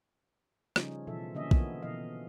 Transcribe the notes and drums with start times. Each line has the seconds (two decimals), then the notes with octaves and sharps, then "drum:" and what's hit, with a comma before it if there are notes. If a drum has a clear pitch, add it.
0.76 C#3 F3 G3 C#4 D#4, drum: rim click
1.07 B2 E3 F3 A4 E5
1.35 D3 F3 A#3 C#4 D#5 E5
1.51 D3 E3 F3 A#3 B3, drum: kick
1.82 B2 E3 F3 D#5 F5